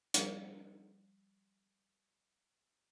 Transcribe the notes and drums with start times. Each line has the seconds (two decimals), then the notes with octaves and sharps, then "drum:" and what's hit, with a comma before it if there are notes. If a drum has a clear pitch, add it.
0.14 F3 G3 F5, drum: hi-hat